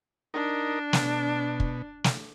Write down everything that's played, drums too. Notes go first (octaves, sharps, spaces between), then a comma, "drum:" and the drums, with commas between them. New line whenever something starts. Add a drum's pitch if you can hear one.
D4 D#4 A#4
B2, drum: snare
drum: kick
drum: snare